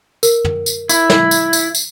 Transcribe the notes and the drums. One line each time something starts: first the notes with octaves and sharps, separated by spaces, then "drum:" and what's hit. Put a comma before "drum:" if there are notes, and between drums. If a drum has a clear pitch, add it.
A#4, drum: tambourine
drum: tom
drum: tambourine
E4, drum: tambourine
drum: snare
drum: tambourine
drum: tambourine
drum: tambourine